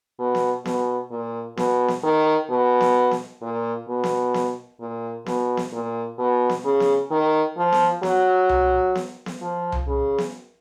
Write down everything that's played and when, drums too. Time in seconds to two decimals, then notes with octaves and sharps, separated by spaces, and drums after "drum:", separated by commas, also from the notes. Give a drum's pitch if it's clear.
0.19 B2
0.35 drum: snare B3
0.65 B2, drum: snare B3
1.11 A#2
1.57 B2, drum: snare B3
1.88 drum: snare B3
2.04 D#3
2.50 B2
2.81 drum: snare B3
3.11 drum: snare B3
3.42 A#2
3.88 B2
4.04 drum: snare B3
4.34 drum: snare B3
4.80 A#2
5.26 B2, drum: snare B3
5.57 drum: snare B3
5.72 A#2
6.18 B2
6.49 drum: snare B3
6.65 C#3
6.80 drum: snare B3
7.11 D#3
7.57 F3
7.72 drum: snare B3
8.03 F#3, drum: snare B3
8.49 drum: tom C2
8.95 drum: snare B3
9.26 drum: snare B3
9.42 F3
9.72 drum: tom C2
9.88 C#3
10.18 drum: snare B3